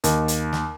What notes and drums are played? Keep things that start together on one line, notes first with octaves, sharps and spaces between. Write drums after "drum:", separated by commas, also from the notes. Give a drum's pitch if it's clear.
D#2, drum: hi-hat
drum: hi-hat
drum: snare